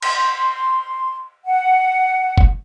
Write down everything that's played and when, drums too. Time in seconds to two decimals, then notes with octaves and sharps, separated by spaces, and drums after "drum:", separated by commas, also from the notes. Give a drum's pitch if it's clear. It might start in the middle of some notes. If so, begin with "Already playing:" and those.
0.02 C6, drum: cymbal
1.46 F#5
2.38 drum: kick F#1